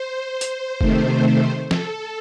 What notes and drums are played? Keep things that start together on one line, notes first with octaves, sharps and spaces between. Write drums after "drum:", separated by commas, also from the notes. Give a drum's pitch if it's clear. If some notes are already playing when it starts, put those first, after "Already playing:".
Already playing: C5
drum: hi-hat
C3 D#3 A3, drum: kick F1
A4, drum: snare